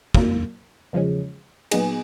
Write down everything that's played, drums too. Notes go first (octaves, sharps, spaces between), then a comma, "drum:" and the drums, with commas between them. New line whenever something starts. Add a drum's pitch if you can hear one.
A#2 F#3 A#3, drum: kick
E2 C#3 F3 G#3 C#4
A#2 F#3 B3 D#4 G#4, drum: cymbal